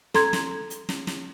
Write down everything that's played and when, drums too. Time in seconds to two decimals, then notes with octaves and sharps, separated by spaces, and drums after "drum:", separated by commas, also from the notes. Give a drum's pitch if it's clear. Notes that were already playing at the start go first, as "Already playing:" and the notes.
0.14 A4 A#5 C6 G#6, drum: snare
0.33 drum: snare
0.70 drum: hi-hat
0.89 drum: snare
1.07 drum: snare